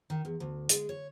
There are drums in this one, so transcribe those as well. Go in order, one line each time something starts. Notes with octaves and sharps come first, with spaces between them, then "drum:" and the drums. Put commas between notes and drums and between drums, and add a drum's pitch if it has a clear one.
D#3
E2
D2
G#3, drum: hi-hat
C#5